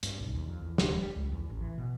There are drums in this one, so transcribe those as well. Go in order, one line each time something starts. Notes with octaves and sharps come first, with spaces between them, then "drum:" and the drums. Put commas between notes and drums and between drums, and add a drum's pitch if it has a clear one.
G2, drum: hi-hat
B1
D#2
F2
E2
D1, drum: snare
G3
C#2
E2
A1
E3
B2